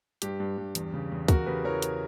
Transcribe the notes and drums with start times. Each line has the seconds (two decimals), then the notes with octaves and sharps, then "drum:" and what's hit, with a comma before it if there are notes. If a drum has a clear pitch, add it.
0.22 G2 G4, drum: hi-hat
0.40 G2
0.58 G2
0.75 E2, drum: hi-hat
0.94 C#3
1.12 E2
1.28 C#3 F#4 A#4, drum: kick, hi-hat
1.46 C#3 G4 B4
1.65 E3 A#4 C#5
1.82 drum: hi-hat